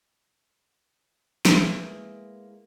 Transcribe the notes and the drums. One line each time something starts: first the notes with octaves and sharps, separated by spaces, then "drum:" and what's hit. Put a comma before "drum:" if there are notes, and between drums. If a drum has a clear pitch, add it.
G#3 A#3 B3 E4 G#4, drum: snare